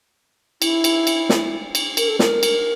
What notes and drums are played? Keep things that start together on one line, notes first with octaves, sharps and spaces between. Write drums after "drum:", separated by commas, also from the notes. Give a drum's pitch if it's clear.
E4, drum: cymbal
drum: cymbal
drum: cymbal
drum: snare
drum: cymbal
A#4, drum: cymbal
A4
A#4, drum: snare
drum: cymbal